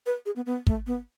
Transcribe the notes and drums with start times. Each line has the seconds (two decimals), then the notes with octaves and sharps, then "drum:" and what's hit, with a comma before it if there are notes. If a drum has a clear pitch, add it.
0.06 B4
0.26 G#4
0.36 B3
0.46 B3
0.67 A3, drum: kick
0.87 B3